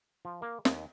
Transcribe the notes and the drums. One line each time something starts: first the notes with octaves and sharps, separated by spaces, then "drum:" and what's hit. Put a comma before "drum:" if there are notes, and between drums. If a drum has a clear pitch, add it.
F3
A#3
D#2, drum: snare